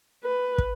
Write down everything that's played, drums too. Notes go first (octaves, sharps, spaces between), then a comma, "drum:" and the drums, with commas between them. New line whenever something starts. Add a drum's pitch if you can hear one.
B4
drum: kick